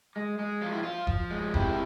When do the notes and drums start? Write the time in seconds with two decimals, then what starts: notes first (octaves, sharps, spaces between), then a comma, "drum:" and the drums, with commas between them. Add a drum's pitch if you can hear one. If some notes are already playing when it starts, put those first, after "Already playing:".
0.16 G#3
0.39 G#3
0.61 F3 F4
0.73 E4
0.83 F3 F4
1.07 F3, drum: kick E1
1.31 G#3
1.54 C3 E4, drum: kick E1